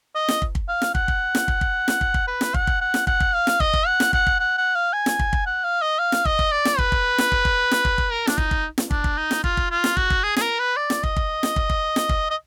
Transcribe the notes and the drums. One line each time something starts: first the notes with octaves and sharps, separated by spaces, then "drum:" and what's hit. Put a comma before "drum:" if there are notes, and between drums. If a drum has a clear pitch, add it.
D#5
drum: snare
drum: kick
drum: kick
F5
drum: snare
F#5, drum: kick
drum: kick
drum: snare
drum: kick
drum: kick
drum: snare
drum: kick
drum: kick
B4
drum: snare
F#5, drum: kick
drum: kick
F#5
drum: snare
F#5, drum: kick
drum: kick
F5
drum: snare
D#5, drum: kick
drum: kick
F#5
drum: snare
F#5, drum: kick
drum: kick
F#5
F#5
F5
G#5
drum: snare
drum: kick
drum: kick
F#5
F5
D#5
F5
drum: snare
D#5, drum: kick
drum: kick
D5
drum: snare
B4, drum: kick
drum: kick
drum: snare
drum: kick
drum: kick
drum: snare
drum: kick
drum: kick
A#4
D4, drum: snare
D#4, drum: kick
drum: kick
drum: snare
D4, drum: kick
drum: kick
D#4
drum: snare
F4, drum: kick
drum: kick
F4
drum: snare
F#4, drum: kick
drum: kick
G#4
G#4, drum: snare
A#4
B4
D5
drum: snare
D#5, drum: kick
drum: kick
drum: snare
drum: kick
drum: kick
drum: snare
drum: kick
D#5